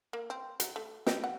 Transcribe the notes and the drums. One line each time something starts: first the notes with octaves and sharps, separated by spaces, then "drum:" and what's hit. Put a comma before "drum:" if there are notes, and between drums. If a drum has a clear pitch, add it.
A#3
C4
F#3, drum: hi-hat
A3
G4, drum: snare
F#5